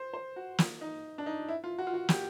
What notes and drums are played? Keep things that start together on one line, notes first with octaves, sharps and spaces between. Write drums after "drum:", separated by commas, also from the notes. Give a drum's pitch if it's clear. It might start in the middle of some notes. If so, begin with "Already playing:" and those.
Already playing: C5
C5
F#4
F4, drum: snare
D#4
D4
D#4
E4
F4
F#4
F4
F#4
G4, drum: snare